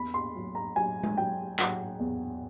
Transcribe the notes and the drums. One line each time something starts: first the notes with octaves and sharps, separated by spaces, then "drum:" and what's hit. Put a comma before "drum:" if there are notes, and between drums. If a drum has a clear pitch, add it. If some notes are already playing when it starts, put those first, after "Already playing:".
Already playing: E2 B5
C6
F#3
A#5
F#3 G#5
drum: tom G#3
F#3 G5
F#3 F#5, drum: clap
E2